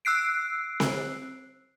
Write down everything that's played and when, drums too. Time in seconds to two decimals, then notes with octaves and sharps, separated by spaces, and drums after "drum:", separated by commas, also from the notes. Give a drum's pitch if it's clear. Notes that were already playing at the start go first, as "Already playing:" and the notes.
0.05 E6 F#6 C7 D7
0.80 drum: snare C4